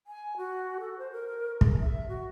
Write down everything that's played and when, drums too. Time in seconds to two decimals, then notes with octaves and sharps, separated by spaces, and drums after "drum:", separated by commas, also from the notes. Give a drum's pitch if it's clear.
0.07 G#5
0.37 F#4
0.80 A4
0.99 C5
1.12 A#4
1.61 G#4, drum: kick
1.80 E5
2.08 F#4